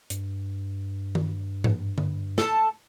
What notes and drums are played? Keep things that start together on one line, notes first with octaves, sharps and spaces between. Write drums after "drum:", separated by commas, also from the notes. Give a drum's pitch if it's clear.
G2, drum: hi-hat
drum: tom D#3
drum: tom G#2
drum: tom D3
A4 A5, drum: snare